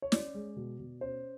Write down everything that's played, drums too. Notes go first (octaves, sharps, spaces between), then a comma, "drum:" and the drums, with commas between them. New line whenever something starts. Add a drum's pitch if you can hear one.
C#5
C#4 D5, drum: snare
G#3
B2
B2
C#4 C5